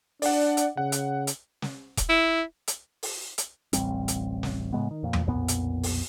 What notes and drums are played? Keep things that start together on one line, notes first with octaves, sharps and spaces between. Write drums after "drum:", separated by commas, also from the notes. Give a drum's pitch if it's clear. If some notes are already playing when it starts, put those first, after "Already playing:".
D4 D5 F#5, drum: open hi-hat
drum: hi-hat
C#3 F#5
drum: hi-hat
drum: hi-hat
drum: snare
drum: kick E1, hi-hat
E4
drum: hi-hat
drum: open hi-hat
drum: hi-hat
D1 A1 G3 C4, drum: hi-hat
drum: hi-hat
drum: snare
A2 C#3 G#3 B3
D#3
F2 A#2
drum: tom E2
B1 F2 A#2 B3
drum: hi-hat
drum: open hi-hat